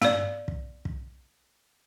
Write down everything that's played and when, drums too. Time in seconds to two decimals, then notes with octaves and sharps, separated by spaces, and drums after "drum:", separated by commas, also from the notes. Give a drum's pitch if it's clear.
0.02 B3 D5, drum: tom
0.48 drum: kick
0.85 drum: kick